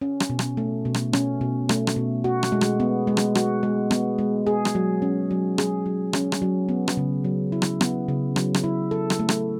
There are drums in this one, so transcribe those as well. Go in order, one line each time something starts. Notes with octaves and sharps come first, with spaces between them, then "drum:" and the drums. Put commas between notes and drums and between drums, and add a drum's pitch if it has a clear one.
C#4
drum: rim click
B2
drum: rim click
A3
B2
drum: rim click
C#4, drum: rim click
B2
A3, drum: rim click
drum: rim click
B2
F#4
drum: rim click
G#3
drum: rim click
B3
G#3
drum: rim click
F#4, drum: rim click
G#3
B3, drum: rim click
G#3
G#4
drum: rim click
F#3
C#4
F#3
G#4, drum: rim click
F#3
C#4, drum: rim click
drum: rim click
F#3
B3
drum: rim click
C#3
F#3
E4
drum: rim click
B3, drum: rim click
C#3
F#3, drum: rim click
drum: rim click
E4
A4
drum: rim click
A3
drum: rim click